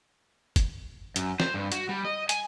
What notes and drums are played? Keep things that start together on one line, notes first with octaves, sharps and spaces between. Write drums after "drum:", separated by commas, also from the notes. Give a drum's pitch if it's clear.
drum: kick F#1, hi-hat
F#2, drum: hi-hat
C5, drum: snare
G2
F#4, drum: hi-hat
G3
D#5
G#5, drum: hi-hat